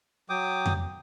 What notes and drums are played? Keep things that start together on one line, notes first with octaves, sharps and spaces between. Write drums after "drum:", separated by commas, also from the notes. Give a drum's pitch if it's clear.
F#3 G5 D6 D#6
drum: tom F2